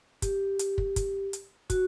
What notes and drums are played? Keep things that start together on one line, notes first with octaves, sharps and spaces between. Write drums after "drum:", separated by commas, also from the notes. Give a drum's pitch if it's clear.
G4, drum: kick, hi-hat
drum: hi-hat
drum: kick
drum: kick, hi-hat
drum: hi-hat
F#4, drum: kick, hi-hat